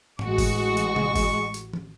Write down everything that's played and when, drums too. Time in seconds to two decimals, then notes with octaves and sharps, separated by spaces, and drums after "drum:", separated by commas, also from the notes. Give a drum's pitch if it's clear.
0.19 A1 G#3 F#4 C#6, drum: tom G2
0.38 drum: kick G1, open hi-hat
0.77 drum: hi-hat
0.96 drum: tom C3
1.16 drum: kick G1, open hi-hat
1.54 drum: hi-hat
1.73 drum: tom D#3